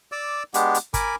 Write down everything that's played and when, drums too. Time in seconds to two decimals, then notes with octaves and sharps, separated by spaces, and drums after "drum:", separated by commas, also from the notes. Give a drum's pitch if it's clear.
0.12 D5 D6 E6
0.54 G#3 B3 D4 G4, drum: hi-hat
0.74 drum: hi-hat
0.94 A#4 G#5 B5 D6, drum: kick G#1, hi-hat